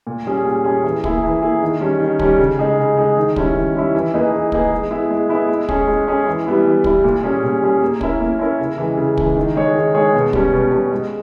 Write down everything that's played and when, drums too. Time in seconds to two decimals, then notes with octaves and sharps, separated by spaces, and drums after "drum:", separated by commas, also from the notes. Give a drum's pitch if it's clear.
0.07 A#2
0.27 G3 C#4 G#4
0.45 A#2
0.64 G3 C#4 G#4
0.84 E3
1.04 A#3 E4 G#4, drum: kick
1.24 E3
1.42 A#3 E4 G#4
1.62 D#3
1.81 G3 C#4
2.00 D#3
2.19 G3 C#4, drum: kick
2.39 C#3
2.59 G#3 D#4 G#4
2.79 C#3
2.97 G#3 D#4 G#4
3.17 D#3
3.36 G3 C#4 E4, drum: kick
3.56 D#3
3.75 G3 C#4 E4
3.95 E3
4.14 A#3 D#4 G#4 B4
4.32 E3
4.52 A#3 D#4 G#4 B4, drum: kick
4.72 G#3
4.91 B3 E4 G#4
5.11 G#3
5.29 B3 E4 G#4
5.49 G#3
5.69 C#4 G#4, drum: kick
5.88 G#3
6.08 C#4 G#4
6.27 E3
6.46 G3 B3 E4
6.65 E3
6.84 G3 B3 E4, drum: kick
7.04 A#2
7.23 G3 C#4 G#4
7.43 A#2
7.62 G3 C#4 G#4
7.82 A#3
8.01 C#4 E4 A#4, drum: kick
8.21 A#3
8.39 C#4 E4 A#4
8.60 C#3
8.78 E3 G#3
8.97 C#3
9.17 E3 G#3, drum: kick
9.36 D#3
9.56 G#3 D#4 G#4 C#5
9.75 D#3
9.95 G#3 D#4 G#4 C#5
10.14 B2
10.33 G3 C#4, drum: kick
10.53 B2
10.72 G3 C#4
10.91 G#3